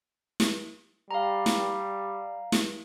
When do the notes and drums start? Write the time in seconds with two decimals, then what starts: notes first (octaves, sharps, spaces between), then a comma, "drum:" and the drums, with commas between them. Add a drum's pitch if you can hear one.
0.40 drum: snare
1.11 G3 F5 A#5
1.46 drum: snare
2.52 drum: snare